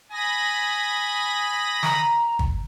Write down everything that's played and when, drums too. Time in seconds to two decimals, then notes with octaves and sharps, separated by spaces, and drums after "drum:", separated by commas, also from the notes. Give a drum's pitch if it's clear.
0.12 G#5 B5 D#6 A#6
1.83 A#5, drum: snare
2.39 drum: kick